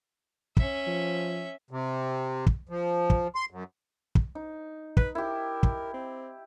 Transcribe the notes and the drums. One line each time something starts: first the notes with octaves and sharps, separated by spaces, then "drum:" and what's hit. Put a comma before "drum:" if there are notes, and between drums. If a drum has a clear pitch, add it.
C#4 E5, drum: kick
F3
C3
drum: kick
F3
drum: kick
C6
F#2
drum: kick
D#4
B4, drum: kick
E4 G4 A#4
drum: kick
C4